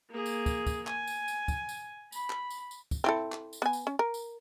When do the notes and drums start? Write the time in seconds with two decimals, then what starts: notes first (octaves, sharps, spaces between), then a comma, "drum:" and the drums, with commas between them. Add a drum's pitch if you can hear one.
0.10 A#3 G#4
0.26 drum: tambourine
0.46 drum: kick, tambourine
0.67 drum: kick, tambourine
0.87 G#5, drum: clap
1.07 drum: tambourine
1.28 drum: tambourine
1.48 drum: kick, tambourine
1.69 drum: tambourine
2.12 B5, drum: tambourine
2.30 drum: clap
2.50 drum: tambourine
2.71 drum: tambourine
2.91 drum: kick, tambourine
3.04 C4 E4 A4
3.32 drum: clap
3.53 drum: tambourine
3.62 B3 G#5
3.73 drum: tambourine
3.87 C#4
3.99 A#4
4.14 drum: tambourine